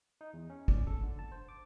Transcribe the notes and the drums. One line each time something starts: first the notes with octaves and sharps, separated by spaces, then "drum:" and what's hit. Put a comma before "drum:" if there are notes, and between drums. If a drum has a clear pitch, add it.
D#4
E2
C#4
D5, drum: kick
A4
D3
A5
C5
D6